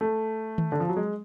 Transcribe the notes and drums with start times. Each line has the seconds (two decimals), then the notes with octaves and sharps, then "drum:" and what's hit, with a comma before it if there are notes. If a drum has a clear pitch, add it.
0.01 A3
0.58 drum: tom D#3
0.72 D3
0.80 F3
0.89 F#3
0.97 G#3